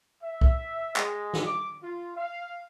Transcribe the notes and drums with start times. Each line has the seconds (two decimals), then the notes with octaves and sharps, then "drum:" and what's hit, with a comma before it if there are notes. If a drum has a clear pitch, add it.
0.23 E5
0.41 drum: kick
0.96 G#3, drum: clap
1.34 drum: snare
1.46 D6
1.83 F4
2.17 F5